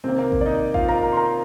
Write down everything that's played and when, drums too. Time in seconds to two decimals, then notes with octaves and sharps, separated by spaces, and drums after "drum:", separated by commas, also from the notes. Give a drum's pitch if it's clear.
0.04 C3 D#3 A#3 C4 C5
0.18 A#3 A#4
0.32 drum: kick A1
0.41 D5
0.46 D#4 D#5
0.74 F4 F5, drum: kick A1
0.88 A#4 A#5
1.03 A#4 A#5
1.12 C6
1.17 A#4 A#5